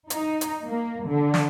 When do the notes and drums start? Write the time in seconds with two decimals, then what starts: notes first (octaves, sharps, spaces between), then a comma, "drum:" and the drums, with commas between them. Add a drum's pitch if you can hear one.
0.10 D#4, drum: hi-hat
0.41 drum: hi-hat
0.66 A#3
1.07 D3
1.34 drum: snare